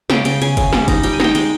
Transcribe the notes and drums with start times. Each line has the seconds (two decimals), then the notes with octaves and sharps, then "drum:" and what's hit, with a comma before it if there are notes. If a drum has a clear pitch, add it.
0.10 C#3 G5, drum: snare
0.25 C#3 G5, drum: cymbal
0.42 C#3 G#5, drum: cymbal
0.57 C#3, drum: kick, cymbal
0.73 G3, drum: snare
0.88 D#4, drum: kick, cymbal
1.03 G3 G5, drum: cymbal
1.13 G#5
1.20 D#4 G5, drum: snare
1.35 G#3 G5, drum: cymbal